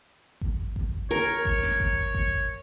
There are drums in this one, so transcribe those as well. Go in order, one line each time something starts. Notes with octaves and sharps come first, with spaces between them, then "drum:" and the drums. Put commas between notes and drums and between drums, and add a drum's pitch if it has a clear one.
drum: kick G#1
drum: kick G#1
A#4 C#5
drum: kick G#1
drum: snare
drum: kick G#1
drum: kick G#1